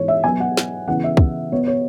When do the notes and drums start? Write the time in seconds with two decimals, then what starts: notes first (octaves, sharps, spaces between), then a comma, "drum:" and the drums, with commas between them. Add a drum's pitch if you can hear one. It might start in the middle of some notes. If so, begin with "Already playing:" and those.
Already playing: G#2 E3 B3 C#5
0.08 E5
0.23 B2 F#3 B3 G#5
0.40 F#5
0.57 drum: snare
0.87 C#3 E3 B3 F#5
1.04 E5
1.17 drum: kick
1.52 B2 B3 C#5
1.67 C#5